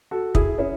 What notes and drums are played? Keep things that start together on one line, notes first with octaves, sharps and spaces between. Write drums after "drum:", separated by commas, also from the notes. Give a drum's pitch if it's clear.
F#4 A4
E4 G#4, drum: kick
C#4 E4